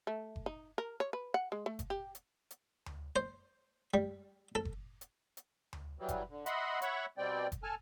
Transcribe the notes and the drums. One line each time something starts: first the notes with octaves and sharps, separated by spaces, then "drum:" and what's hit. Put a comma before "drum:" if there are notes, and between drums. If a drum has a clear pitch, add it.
A3
drum: kick F#1
D#4
A#4
C#5
B4
F#5
G#3
A3
drum: kick F#1, hi-hat
G4
drum: hi-hat
drum: hi-hat
drum: tom D2
C5
G3
A4
drum: kick F#1
drum: hi-hat
drum: hi-hat
drum: tom D2
E3 F#3 G3
drum: kick F#1, hi-hat
D3
D#5 E5 F#5 B5 C6, drum: hi-hat
C#5 E5 F#5 B5 C#6, drum: hi-hat
B2 G3 C4 D5 G5
drum: kick F#1, hi-hat
A4 G#5 A5 F6